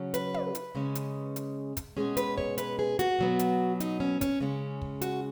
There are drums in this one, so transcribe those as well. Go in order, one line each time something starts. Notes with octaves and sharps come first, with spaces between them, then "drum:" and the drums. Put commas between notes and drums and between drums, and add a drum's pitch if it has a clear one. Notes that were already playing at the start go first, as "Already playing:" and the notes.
Already playing: C#3 F#3 C#4
B4, drum: hi-hat
drum: tom
drum: hi-hat
C#3 G#3 C#4
drum: hi-hat
drum: hi-hat
drum: kick, hi-hat
B2 G#3 C#4 G#4
B4, drum: hi-hat
C#5, drum: kick
B4, drum: hi-hat
G#4
F#4, drum: hi-hat
B2 F#3 B3
drum: hi-hat
D#4, drum: hi-hat
C#4
C#4, drum: kick, hi-hat
C#3 G#3 C#4
drum: kick
F#4, drum: hi-hat